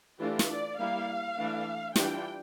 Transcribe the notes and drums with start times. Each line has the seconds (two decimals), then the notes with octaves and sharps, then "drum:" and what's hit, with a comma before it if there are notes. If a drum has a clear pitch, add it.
0.19 E3 A3 D4 F4 G4
0.39 drum: snare
0.49 D5
0.78 G3 A#3 E4 F5
1.38 E3 A3 D4
1.96 E3 G3 D4 F4 G5, drum: snare